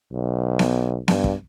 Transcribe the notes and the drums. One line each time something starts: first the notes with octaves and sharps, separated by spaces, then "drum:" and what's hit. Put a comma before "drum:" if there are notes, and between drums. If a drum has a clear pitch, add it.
B1
drum: snare B3
G2, drum: snare B3
drum: kick